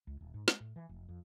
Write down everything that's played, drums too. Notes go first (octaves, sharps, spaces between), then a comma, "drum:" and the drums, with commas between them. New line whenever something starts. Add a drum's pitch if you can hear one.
C#2
D#1
G#2
G#3, drum: snare
A2
E3
F1
F2